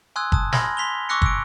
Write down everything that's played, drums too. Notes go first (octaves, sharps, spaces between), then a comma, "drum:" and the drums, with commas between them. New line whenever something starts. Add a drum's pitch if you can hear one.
G#5 C6 D#6 E6 F#6 G#6
A5 D#6, drum: kick
G#5 B5 C6 F6 G#6 A#6, drum: snare
C6 B6 F7 G7
C#6 D6 E6 F#6 A#6 C#7
E6 D7, drum: kick